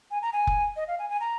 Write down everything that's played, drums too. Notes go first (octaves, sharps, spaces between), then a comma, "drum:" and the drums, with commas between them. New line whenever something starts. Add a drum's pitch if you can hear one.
G#5
A#5
G#5
drum: kick F1
D#5
F5
G#5
G#5
A#5